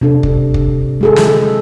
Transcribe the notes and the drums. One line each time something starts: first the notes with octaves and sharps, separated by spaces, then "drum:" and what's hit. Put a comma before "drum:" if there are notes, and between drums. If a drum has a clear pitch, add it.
C3 D4 A4
drum: kick
drum: kick
G#3 G#4 A4
drum: snare